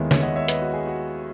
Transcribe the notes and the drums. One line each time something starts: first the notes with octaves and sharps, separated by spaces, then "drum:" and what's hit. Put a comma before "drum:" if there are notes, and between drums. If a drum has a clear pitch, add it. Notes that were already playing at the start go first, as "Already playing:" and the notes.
Already playing: D#2 D#3 G#3 B3 E4 C#5 E5
C#5 E5, drum: snare C#3
D#5 F#5
C#5 E5
B4 D#5, drum: hi-hat
F#4
G#4
F#4